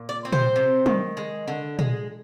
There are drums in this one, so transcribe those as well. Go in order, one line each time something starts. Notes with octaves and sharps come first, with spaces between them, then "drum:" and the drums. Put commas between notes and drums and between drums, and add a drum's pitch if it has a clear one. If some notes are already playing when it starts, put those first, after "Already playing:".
Already playing: A#2
D5
C4
C5, drum: tom A#2
C3
D#3, drum: tom
G#3
D3
G#3, drum: tom A#2